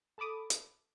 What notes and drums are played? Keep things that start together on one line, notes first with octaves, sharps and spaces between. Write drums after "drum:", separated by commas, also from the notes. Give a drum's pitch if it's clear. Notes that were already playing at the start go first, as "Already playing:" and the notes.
A4 A5 B5 D6 D#6
drum: hi-hat